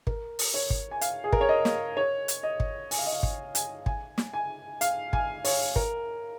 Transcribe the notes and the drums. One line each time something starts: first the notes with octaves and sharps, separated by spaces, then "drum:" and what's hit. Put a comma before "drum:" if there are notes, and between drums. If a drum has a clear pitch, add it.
A#4, drum: kick
drum: open hi-hat
C#5
drum: kick
G#5
F5, drum: hi-hat
G#4
A#4, drum: kick
C#5
D#5
drum: snare
C#5
drum: hi-hat
D#5
drum: kick
G#5, drum: open hi-hat
F5
D#5
F5
drum: kick
G#5, drum: hi-hat
G#5, drum: kick
drum: snare
G#5
F5, drum: hi-hat
G#5, drum: kick
C#5, drum: open hi-hat
A#4, drum: kick